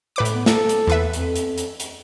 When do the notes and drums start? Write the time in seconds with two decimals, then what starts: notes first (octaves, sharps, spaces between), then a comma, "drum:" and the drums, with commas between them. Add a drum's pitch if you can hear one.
0.16 A2 B4 D6
0.25 drum: hi-hat
0.34 B3
0.46 A4, drum: snare
0.69 drum: hi-hat
0.87 E2 B4 E5
1.13 F2, drum: hi-hat
1.36 drum: hi-hat
1.58 drum: hi-hat
1.80 drum: hi-hat